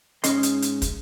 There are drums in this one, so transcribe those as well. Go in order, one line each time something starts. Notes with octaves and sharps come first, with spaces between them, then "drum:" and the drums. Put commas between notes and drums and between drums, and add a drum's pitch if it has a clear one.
G#2 G#3 C#4 D#5 C6, drum: hi-hat
drum: hi-hat
drum: hi-hat
drum: kick, hi-hat